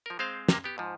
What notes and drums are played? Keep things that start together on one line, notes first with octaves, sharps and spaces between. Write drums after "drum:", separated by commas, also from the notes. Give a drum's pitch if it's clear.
F3 A#4
G#3 C4 C5 F5
C3 A#3, drum: snare
B3 G4
G#2 F3